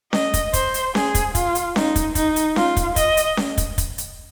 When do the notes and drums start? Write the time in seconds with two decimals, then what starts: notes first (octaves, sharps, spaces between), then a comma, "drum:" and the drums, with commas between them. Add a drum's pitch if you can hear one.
0.13 D#5, drum: snare C#4
0.34 drum: kick, hi-hat
0.53 C5, drum: kick, hi-hat
0.74 drum: hi-hat
0.95 G#4, drum: snare C#4
1.15 drum: kick, hi-hat
1.35 F4, drum: kick, hi-hat
1.55 drum: hi-hat
1.76 D#4, drum: snare C#4
1.96 drum: kick, hi-hat
2.15 D#4, drum: kick, hi-hat
2.36 drum: hi-hat
2.56 F4, drum: snare C#4
2.77 drum: kick, hi-hat
2.96 D#5, drum: kick, hi-hat
3.17 drum: hi-hat
3.37 drum: snare C#4
3.58 drum: kick, hi-hat
3.78 drum: kick, hi-hat
3.98 drum: hi-hat